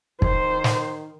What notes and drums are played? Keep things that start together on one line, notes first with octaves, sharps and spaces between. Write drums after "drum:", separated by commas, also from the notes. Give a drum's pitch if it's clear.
D#3 C5, drum: kick
drum: snare